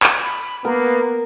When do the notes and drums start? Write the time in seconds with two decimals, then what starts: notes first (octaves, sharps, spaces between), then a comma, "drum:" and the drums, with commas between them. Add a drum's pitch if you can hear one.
0.03 drum: clap
0.22 B5
0.65 A#3 B3 A#4